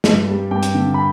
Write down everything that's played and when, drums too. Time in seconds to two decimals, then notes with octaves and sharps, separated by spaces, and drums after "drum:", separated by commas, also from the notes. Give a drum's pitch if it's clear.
0.04 G2, drum: snare
0.28 G3
0.51 G2 G4 G5
0.63 drum: hi-hat
0.75 D3
0.94 B5